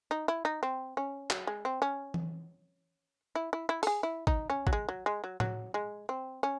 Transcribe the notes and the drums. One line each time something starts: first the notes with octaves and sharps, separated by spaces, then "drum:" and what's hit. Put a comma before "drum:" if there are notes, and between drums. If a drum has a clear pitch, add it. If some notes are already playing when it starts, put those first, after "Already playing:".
D#4
E4
D#4
C4
C#4
F#3, drum: clap
G#3
C4
C#4
drum: tom E3
E4
E4
E4
A4, drum: open hi-hat
G#4
E4
D#4, drum: kick A1
C#4
F#3, drum: kick A1
G#3
F#3
G#3
F#3
F#3, drum: tom A2
G#3
C4
C#4